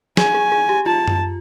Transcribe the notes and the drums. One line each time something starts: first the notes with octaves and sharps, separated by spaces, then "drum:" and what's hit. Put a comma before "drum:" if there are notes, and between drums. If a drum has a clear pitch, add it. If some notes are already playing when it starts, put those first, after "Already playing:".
G#4 G#5, drum: snare
G#4
G#4
G4
F4 A5
drum: tom F#2